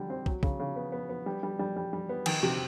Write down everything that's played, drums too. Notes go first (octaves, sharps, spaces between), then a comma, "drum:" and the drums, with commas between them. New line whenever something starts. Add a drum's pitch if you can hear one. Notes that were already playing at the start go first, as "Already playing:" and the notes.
Already playing: D3 G3
C4
F#3, drum: kick
C#3, drum: kick
C#3
B3
B3
B3
G3
G3
G3
G3
G3
B3
D#3, drum: cymbal
C3